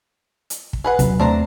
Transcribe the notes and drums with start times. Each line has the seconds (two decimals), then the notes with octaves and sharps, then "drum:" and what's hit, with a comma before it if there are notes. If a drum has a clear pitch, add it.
0.50 drum: hi-hat
0.73 drum: kick
0.84 G#4 B4 F#5
0.99 D#1 C3 F#3, drum: kick, hi-hat
1.20 D#2 A3 C4 D4 C5 A#5